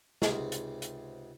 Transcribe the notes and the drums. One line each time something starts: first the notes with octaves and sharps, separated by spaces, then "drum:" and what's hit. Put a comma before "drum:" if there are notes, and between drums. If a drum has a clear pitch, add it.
C#2 G#2 C3, drum: snare
drum: hi-hat
drum: hi-hat